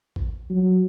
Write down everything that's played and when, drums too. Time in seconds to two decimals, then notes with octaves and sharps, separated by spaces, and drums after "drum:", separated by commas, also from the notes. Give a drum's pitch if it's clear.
0.16 drum: kick A1
0.50 F#3